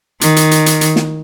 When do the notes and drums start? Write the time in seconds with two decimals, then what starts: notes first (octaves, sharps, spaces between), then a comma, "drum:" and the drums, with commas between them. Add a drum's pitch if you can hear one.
0.21 D#3, drum: hi-hat
0.36 drum: hi-hat
0.51 drum: hi-hat
0.66 drum: hi-hat
0.81 drum: hi-hat
0.96 drum: snare